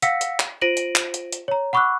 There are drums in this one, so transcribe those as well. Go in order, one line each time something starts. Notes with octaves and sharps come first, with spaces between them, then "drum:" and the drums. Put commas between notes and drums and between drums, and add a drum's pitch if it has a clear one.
F5 F#5 E6 A#6 B6 C#7, drum: hi-hat
drum: hi-hat
drum: clap
F4 C5 A#6 D7 D#7 F#7
drum: hi-hat
drum: clap
drum: hi-hat
drum: hi-hat
C#5 A#5
F#5 B5 C#6 D6 E6 F#6